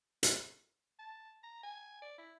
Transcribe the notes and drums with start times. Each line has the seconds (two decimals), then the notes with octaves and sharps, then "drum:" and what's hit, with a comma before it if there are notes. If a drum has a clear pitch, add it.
0.23 drum: hi-hat
0.99 A5
1.43 A#5
1.63 G#5
2.02 D5
2.18 E4